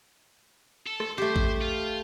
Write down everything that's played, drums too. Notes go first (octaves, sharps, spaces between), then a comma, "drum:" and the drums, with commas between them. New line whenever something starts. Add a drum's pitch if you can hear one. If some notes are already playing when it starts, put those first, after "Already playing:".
A4
drum: rim click
A3 G4 C5
drum: kick A1
F4